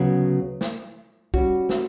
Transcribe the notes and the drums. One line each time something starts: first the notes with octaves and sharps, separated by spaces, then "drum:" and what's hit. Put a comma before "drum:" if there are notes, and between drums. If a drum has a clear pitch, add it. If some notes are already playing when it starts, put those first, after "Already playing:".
Already playing: D2 C#3 F#3 B3 F#4
drum: snare
G3 C#4 F#4, drum: kick
drum: snare